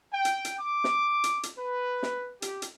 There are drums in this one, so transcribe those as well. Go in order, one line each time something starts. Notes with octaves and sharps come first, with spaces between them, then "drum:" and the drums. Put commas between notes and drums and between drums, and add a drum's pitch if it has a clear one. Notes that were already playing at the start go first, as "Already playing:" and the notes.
G5
drum: hi-hat
drum: hi-hat
D6
drum: snare
drum: hi-hat
drum: hi-hat
B4
drum: snare
G4, drum: hi-hat
drum: hi-hat